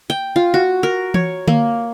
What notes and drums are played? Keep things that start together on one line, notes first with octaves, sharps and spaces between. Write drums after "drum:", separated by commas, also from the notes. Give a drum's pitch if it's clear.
G5
F4
F#4
A#4
C#5, drum: tom E3
A#3, drum: tom D3